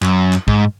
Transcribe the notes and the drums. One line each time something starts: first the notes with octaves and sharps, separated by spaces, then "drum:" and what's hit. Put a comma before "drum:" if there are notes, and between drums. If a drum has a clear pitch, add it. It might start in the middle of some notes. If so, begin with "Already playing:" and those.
F#2, drum: clap
drum: clap
G#2, drum: kick